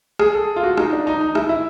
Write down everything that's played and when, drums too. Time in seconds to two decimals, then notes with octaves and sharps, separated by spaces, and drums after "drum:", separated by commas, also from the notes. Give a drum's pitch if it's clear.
0.19 G#4, drum: rim click
0.34 A4
0.56 F4
0.63 F#4
0.77 D#4, drum: rim click
0.93 D4
1.07 D#4
1.21 D#4
1.35 E4, drum: rim click
1.49 E4